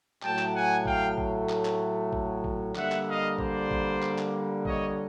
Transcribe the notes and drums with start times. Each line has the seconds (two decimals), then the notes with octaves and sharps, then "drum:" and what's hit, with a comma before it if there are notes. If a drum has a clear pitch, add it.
0.22 A2 F#3 A3 G5 A5, drum: clap
0.39 drum: clap
0.54 F#5 G#5
0.85 F5 G5, drum: kick A1
1.18 drum: kick A1
1.49 drum: clap
1.65 drum: clap
2.13 drum: kick A1
2.44 drum: kick A1
2.75 D3 G3 A#3 E5 F#5, drum: clap
2.92 drum: clap
3.07 D#5 F5
3.39 C5 D5, drum: kick A1
3.71 drum: kick A1
4.02 drum: clap
4.18 drum: clap
4.65 C#5 D#5, drum: kick A1